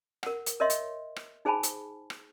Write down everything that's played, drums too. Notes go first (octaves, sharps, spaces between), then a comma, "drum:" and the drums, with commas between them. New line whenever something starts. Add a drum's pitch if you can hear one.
A#4 F#5, drum: rim click
drum: hi-hat
A#4 C#5 D#5 E5 C6
drum: hi-hat
drum: rim click
D#4 G#4 C5 G#5 A5 B5
drum: hi-hat
drum: rim click